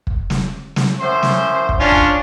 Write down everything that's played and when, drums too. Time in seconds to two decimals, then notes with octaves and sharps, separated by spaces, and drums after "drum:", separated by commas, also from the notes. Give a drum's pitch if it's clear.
0.07 drum: kick
0.30 drum: snare
0.76 drum: snare
0.99 F#2 A2 C5
1.23 drum: snare
1.69 drum: kick
1.80 C#4 D4 F4
1.92 drum: kick